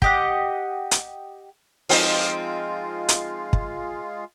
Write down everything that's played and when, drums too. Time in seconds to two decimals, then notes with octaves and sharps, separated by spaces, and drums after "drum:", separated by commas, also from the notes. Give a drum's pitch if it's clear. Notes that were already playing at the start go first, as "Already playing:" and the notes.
0.02 G4 D#5 F#5, drum: kick
0.91 drum: hi-hat
1.89 F3 G#3 C4 D#4 F4, drum: open hi-hat
3.09 drum: hi-hat
3.53 drum: kick